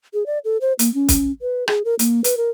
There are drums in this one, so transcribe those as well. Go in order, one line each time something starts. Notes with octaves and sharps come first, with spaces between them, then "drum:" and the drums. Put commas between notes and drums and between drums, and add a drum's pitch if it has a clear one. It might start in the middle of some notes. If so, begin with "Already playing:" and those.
G#4
D5
A4
C5
A#3, drum: hi-hat
C#4
drum: kick B1, hi-hat
B4
G#4, drum: rim click
A#4
A#3, drum: hi-hat
B4, drum: hi-hat
A#4